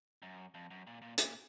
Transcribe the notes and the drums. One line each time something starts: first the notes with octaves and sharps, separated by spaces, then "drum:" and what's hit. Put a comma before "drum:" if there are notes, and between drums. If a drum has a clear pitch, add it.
F#2
F2
F#2
A#2
A#2
A#2, drum: hi-hat